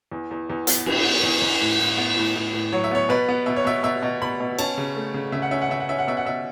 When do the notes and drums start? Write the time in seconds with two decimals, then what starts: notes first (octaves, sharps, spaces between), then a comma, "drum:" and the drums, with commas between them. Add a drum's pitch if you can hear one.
0.12 E2
0.31 E2
0.50 E2
0.67 B3, drum: hi-hat
0.86 E3, drum: cymbal
1.05 B3
1.23 E2
1.42 E2
1.61 A2
1.80 A2
1.97 B3
2.17 A2
2.36 A2
2.53 A2
2.72 F#3 C#5
2.84 E5
2.91 B3 C#5
3.09 B2 B4
3.29 B3
3.46 B2 E5
3.56 C#5
3.65 B2 E5
3.83 B2 E5
4.03 B2
4.22 B2 B5
4.40 B2
4.59 C#4 A5, drum: cymbal
4.77 C#3
4.96 A3
5.14 C#3
5.32 C#3 E5
5.42 F#5
5.51 C#4 E5
5.62 F#5
5.69 C#3 E5
5.80 F#5
5.89 C#4 E5
5.99 F#5
6.08 B2 E5
6.17 F#5
6.26 B2 E5